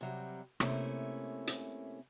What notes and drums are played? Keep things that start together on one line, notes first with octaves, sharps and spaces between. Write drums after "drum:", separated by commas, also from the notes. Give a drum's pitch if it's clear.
C3 F#3 G3
C3 A3 A#3 C#4 E4, drum: rim click
drum: hi-hat